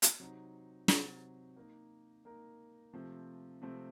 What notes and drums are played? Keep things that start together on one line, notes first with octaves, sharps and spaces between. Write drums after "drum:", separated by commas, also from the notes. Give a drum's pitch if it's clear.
drum: hi-hat
C3 F#3 C4 D#4
C3 F#3 C4 D#4, drum: snare
A#3 D#4 A#4
A#3 D#4 A#4
C3 F3 A3 C4
C3 F3 A3 C4